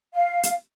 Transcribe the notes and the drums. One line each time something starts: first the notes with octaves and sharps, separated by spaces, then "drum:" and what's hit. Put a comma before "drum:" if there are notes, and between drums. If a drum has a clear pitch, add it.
F5
drum: hi-hat